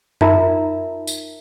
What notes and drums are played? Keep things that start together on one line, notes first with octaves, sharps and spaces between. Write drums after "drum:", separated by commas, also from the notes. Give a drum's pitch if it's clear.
D#4 F4 A#4 E5 A#5, drum: tom F#2
drum: tambourine